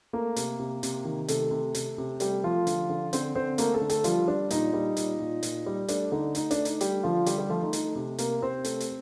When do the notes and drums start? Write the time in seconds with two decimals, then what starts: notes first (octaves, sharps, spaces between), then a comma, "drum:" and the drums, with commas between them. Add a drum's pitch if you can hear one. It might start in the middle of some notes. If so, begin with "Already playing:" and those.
0.13 A3 A#3 A#4
0.36 C3, drum: hi-hat
0.59 C3
0.83 C3, drum: hi-hat
1.05 D#3
1.28 C3 A3 A4, drum: hi-hat
1.51 C3
1.75 C3, drum: hi-hat
1.98 C3
2.20 G3 A3 G4, drum: hi-hat
2.43 F3 A3 F4
2.67 D3, drum: hi-hat
2.89 D3
3.13 D3 C4 C5, drum: hi-hat
3.35 D3 C4 C5
3.58 A3 A#3 A#4, drum: hi-hat
3.74 A3 A4
3.81 D3
3.90 A3 A4, drum: hi-hat
4.04 F3 G3 F4, drum: hi-hat
4.28 G3 D4
4.50 A#2 D#4, drum: hi-hat
4.74 G3
4.97 A#2, drum: hi-hat
5.20 A#2
5.43 A#2, drum: hi-hat
5.66 G3
5.88 A3 D4, drum: hi-hat
6.11 D3 D#4
6.35 A3 D#4, drum: hi-hat
6.51 D4, drum: hi-hat
6.57 A3
6.65 D#4, drum: hi-hat
6.81 G3 A3 G4, drum: hi-hat
7.03 D3 F3 F4
7.26 D3 G3 G4, drum: hi-hat
7.38 G3 G4
7.49 F3 A3 F4
7.62 D#4
7.73 A3 D#4, drum: hi-hat
7.95 C3
8.18 C3 A#3 A#4, drum: hi-hat
8.42 C3 C4 C5
8.64 A3, drum: hi-hat
8.80 drum: hi-hat